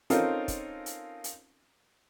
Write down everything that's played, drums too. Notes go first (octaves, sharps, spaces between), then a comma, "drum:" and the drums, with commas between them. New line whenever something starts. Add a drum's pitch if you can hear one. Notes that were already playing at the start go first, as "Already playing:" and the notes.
C4 C#4 D#4 F4 A4 A#4, drum: hi-hat
drum: kick, hi-hat
drum: hi-hat
drum: hi-hat